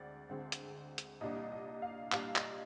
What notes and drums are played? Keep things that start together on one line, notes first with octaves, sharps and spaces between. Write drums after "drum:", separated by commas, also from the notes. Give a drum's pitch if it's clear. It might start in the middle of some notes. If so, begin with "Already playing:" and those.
Already playing: D2 D3 G#3 C4 D5
D2 D3 G#3 C4
drum: hi-hat
drum: hi-hat
C2 A#2 G3 D4 D#5
D#5
F5
C2 A#2 G3 D4 F5, drum: clap
D#5, drum: clap